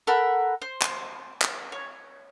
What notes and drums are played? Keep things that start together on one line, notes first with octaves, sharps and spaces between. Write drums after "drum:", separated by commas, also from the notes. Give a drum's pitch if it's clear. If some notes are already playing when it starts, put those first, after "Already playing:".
A4 A#4 F#5 B5
C5
drum: clap
drum: clap
C#5